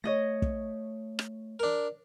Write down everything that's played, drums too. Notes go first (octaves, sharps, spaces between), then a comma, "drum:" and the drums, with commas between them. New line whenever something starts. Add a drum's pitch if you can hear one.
A3 C#5 D#5 A#6
drum: kick
drum: rim click
D4 A#4